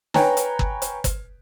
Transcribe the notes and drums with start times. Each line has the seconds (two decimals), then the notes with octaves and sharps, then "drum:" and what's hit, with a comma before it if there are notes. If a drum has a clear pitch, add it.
0.14 B4 C#5 G5 G#5 A#5, drum: snare
0.37 drum: hi-hat
0.59 drum: kick
0.82 drum: hi-hat
1.04 drum: kick, hi-hat